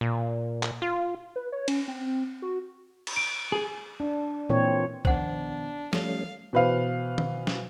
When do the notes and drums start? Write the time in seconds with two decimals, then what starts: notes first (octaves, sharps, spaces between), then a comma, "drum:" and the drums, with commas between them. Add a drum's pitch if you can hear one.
0.01 A#2
0.63 drum: clap
0.82 F4
1.36 B4
1.52 C#5
1.68 C#4, drum: cymbal
1.88 C4
2.42 F#4
3.07 drum: cymbal
3.16 D7
3.52 G#4
4.00 D4
4.49 A#2 E3 C4 C#5
5.05 B2 D#3 F3 D4 C5 F#5, drum: kick B1
5.93 F3 G3 A3 C#4 D#4 F4 F5, drum: snare
6.53 B2 E3 B4 C5 F5
7.18 drum: tom D#3
7.47 drum: snare